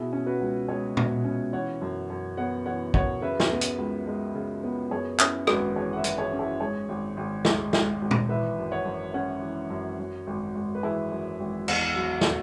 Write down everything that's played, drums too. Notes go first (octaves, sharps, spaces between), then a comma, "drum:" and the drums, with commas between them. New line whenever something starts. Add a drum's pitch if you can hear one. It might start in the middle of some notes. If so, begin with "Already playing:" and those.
Already playing: B2 E4 G#4
C#4
F#4 B4
C#2
G#3 G#4 C#5
B2, drum: tom
C#4
E3 C#5 F#5
F#2
F#2
B3 C#5 F#5
E3 C#5 F#5
F#2 C#5 F#5, drum: kick
C#3 B4 E5
drum: snare
B3
drum: hi-hat
C#2
G#3
C#3
B3
F#2 G#4 C#5
C#4 E4 G#4, drum: clap
G#1 F#4 B4, drum: rim click
E3 G#4 C#5
F#5
B4 E5
F#2, drum: hi-hat
G#4 C#5
C#4
E4 G#4
G#2 G#4 C#5
G#1
G#1
G#3, drum: snare
G#2, drum: snare
G#1
drum: tom
E3 B4 E5
F#2
C#5 F#5
F#2
C#4 C#5 F#5
E3
F#2
F#2
G#1
G#1
B4
E3 E4 G#4
F#2
G#1
E2, drum: cymbal
F#3
drum: snare